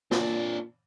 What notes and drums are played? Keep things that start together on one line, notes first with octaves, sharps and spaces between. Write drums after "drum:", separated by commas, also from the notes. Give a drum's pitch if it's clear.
A#2 C4 D4, drum: snare